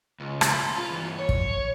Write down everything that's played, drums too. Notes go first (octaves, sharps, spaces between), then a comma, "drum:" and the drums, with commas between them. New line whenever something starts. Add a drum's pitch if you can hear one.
C#2
drum: rim click
B5 C6
F4
G2 E3
C#5
drum: kick